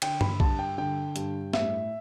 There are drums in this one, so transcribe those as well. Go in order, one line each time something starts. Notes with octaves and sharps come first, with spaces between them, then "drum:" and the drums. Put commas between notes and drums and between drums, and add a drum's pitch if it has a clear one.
D3 G5, drum: cymbal
B5, drum: tom G2
G2 A5, drum: kick
G5
D3 G5
G2, drum: hi-hat
A2 E5, drum: snare